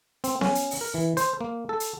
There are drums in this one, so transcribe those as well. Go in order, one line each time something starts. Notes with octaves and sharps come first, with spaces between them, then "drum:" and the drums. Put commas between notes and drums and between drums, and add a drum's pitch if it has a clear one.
C4, drum: hi-hat
C#4, drum: snare B3
drum: hi-hat
drum: open hi-hat
A#4
E3
C5, drum: hi-hat
A#3
A4
drum: hi-hat